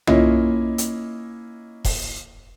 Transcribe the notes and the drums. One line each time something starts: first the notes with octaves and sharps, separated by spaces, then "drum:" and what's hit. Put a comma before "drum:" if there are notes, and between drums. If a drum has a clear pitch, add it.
A#3 C#4 E4 F4 D#5, drum: tom
drum: hi-hat
drum: kick E1, open hi-hat